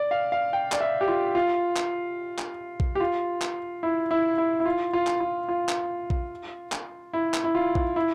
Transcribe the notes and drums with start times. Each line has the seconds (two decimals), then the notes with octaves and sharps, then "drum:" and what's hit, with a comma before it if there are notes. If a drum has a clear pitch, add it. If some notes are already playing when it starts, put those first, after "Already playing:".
Already playing: D5
0.11 F5
0.32 F5
0.53 G5
0.72 D5, drum: clap
0.81 E5
1.01 G4
1.08 F4
1.35 F4
1.77 drum: clap
2.39 drum: clap
2.80 drum: kick A#1
2.95 G4
3.00 F4
3.42 drum: clap
3.83 E4
4.11 E4
4.38 E4
4.60 E4
4.66 F4
4.93 F4
5.07 drum: clap
5.20 F4
5.49 F4
5.69 drum: clap
6.10 drum: kick A#1
6.72 drum: clap
7.13 E4
7.34 drum: clap
7.44 E4
7.55 F4
7.75 drum: kick A#1
7.96 E4